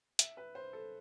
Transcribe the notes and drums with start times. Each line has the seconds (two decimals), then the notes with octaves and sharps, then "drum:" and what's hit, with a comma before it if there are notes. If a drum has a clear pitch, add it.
0.19 E5, drum: hi-hat
0.37 B4
0.55 C5
0.73 A4